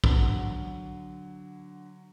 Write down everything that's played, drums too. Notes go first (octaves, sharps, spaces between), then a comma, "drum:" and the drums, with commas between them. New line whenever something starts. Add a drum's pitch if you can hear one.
D3 F#3, drum: kick